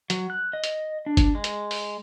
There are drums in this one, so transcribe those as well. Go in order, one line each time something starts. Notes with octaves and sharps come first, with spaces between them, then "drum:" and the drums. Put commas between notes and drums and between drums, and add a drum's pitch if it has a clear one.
F#3, drum: hi-hat
F#6
D#5
drum: hi-hat
D4
drum: kick, hi-hat
G#3
drum: hi-hat
drum: open hi-hat